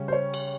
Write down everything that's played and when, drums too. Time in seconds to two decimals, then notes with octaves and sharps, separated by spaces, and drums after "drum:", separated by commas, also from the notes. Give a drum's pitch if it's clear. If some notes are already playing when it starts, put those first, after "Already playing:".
Already playing: C#3 G3 C#4
0.08 C5
0.12 C#5
0.34 drum: cymbal